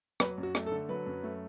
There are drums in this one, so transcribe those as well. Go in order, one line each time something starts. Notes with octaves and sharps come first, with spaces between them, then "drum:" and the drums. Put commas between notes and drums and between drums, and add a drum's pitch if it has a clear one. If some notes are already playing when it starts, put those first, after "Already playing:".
F#3 B4, drum: rim click
F#2
F#4
A3, drum: rim click
A4
D3
F#3 B4
F#2
A3